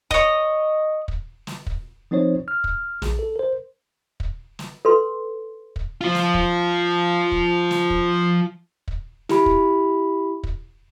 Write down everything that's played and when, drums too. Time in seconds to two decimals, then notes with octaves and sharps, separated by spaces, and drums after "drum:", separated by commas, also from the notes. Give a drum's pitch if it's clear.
0.11 C#5 D#5, drum: kick
1.08 drum: kick
1.47 drum: snare
1.66 drum: kick
2.11 F3 C4 D#4 C5 C#5
2.48 F6
2.64 drum: kick
3.02 A#1, drum: snare
3.19 A4
3.36 A#4 C5
4.20 drum: kick
4.59 drum: snare
4.85 A4 B4 C6
5.76 drum: kick
6.01 F3 F4
6.15 drum: snare
6.34 drum: kick
7.32 drum: kick
7.71 drum: snare
7.90 drum: kick
8.88 drum: kick
9.29 E4 G4 B5, drum: snare
9.46 drum: kick
10.43 drum: kick